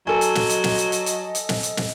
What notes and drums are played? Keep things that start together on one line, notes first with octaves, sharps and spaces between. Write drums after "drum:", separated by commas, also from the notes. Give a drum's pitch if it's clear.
F#3 A4 D#5 G#5
drum: hi-hat
drum: snare
drum: hi-hat
drum: snare
drum: hi-hat
drum: hi-hat
drum: hi-hat
drum: hi-hat
drum: snare
drum: hi-hat
drum: snare